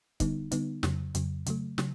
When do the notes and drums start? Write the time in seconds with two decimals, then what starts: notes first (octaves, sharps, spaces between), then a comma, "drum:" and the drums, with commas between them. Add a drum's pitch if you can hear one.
0.20 D3 G3 B3 D#4, drum: kick, hi-hat
0.51 D3 G3 B3 D#4, drum: hi-hat
0.83 F2 C#3 F#3, drum: snare
1.15 F2 C#3 F#3, drum: hi-hat
1.46 C#3 F#3 A3, drum: hi-hat
1.78 C#3 F#3, drum: snare